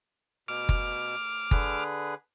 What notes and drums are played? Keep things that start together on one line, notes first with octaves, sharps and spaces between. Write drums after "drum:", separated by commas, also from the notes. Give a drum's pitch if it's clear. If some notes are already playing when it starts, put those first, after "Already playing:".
B2 D6 F6
drum: kick F#1
D3 G#4 B4, drum: kick F#1